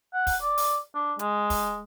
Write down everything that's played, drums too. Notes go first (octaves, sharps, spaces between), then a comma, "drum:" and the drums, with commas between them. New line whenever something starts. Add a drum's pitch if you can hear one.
F#5
drum: kick, open hi-hat
D5
drum: open hi-hat
D4
G#3, drum: hi-hat
drum: kick, open hi-hat